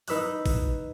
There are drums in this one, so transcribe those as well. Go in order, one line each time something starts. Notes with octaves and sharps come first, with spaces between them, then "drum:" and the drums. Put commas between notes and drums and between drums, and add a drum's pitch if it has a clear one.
D#4 B4 E6 F#6, drum: open hi-hat
drum: kick G#1, open hi-hat